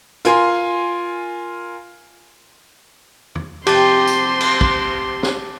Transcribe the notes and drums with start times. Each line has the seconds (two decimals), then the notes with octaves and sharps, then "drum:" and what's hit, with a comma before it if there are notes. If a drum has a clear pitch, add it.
0.25 F4 A#4 G#5 C6, drum: hi-hat
3.35 drum: tom E2
3.67 C3 F3 G4 C5 A5 C6 D6 A6, drum: cymbal
4.07 drum: tambourine
4.41 drum: cymbal
4.61 drum: kick
5.23 drum: snare